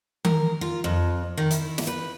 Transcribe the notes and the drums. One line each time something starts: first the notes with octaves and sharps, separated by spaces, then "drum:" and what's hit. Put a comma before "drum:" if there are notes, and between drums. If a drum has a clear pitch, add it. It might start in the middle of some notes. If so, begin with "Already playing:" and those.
A#4, drum: tom D#3
F4
F2
D#3
E4, drum: hi-hat
drum: snare
B4